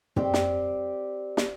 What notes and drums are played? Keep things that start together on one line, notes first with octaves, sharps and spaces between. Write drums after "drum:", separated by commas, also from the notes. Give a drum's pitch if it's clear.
C4 G4 D5, drum: tom
drum: snare
drum: snare